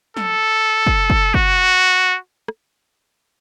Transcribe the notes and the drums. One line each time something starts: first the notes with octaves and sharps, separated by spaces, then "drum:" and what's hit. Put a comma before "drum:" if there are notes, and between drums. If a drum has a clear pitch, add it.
A4, drum: snare
drum: kick
drum: kick
F#4, drum: kick
drum: rim click